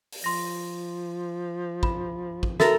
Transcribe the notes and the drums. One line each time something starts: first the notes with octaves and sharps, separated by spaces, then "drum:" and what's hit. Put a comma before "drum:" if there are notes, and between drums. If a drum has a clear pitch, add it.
drum: open hi-hat
F3 C6 A#6
B5, drum: kick
drum: kick
F#4 A4 A#4 E5 A6, drum: snare